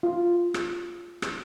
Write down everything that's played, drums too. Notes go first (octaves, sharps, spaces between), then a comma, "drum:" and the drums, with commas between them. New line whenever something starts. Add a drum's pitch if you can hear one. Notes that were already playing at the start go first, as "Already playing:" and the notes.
F4
drum: rim click
drum: rim click